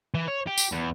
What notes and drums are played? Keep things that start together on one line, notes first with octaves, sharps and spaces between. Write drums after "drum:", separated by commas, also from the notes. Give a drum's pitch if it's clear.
E3
C#5
G4
drum: tambourine
E2